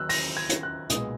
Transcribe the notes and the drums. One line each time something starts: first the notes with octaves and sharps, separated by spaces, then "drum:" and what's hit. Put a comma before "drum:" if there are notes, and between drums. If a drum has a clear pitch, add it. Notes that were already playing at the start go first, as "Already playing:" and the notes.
Already playing: D#2 C#3 F#3 E6 F#6
A#6, drum: open hi-hat
G#6
drum: hi-hat
F#6
B1 A#2 G#3 B3 D#6, drum: hi-hat